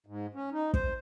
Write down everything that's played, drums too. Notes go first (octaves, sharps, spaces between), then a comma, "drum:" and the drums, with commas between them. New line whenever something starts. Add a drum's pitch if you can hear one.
G#2
C#4
D#4
C5, drum: kick